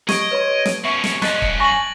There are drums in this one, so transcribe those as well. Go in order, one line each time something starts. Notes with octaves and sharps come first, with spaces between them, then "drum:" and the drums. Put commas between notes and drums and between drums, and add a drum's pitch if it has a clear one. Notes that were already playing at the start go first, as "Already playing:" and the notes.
G4 D#5 G#6 D7, drum: snare
B4 C#5 C6
drum: snare
B2 C#4 E5 C#6
drum: snare
G2 C#4 D#5 A5 C6 F#6 A6, drum: snare
drum: kick
G#5 A5 C#6 A#6 F#7